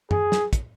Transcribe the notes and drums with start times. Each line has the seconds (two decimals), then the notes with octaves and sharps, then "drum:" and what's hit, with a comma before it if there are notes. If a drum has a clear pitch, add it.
0.11 G#4, drum: tom F#2
0.32 drum: snare
0.53 drum: kick, hi-hat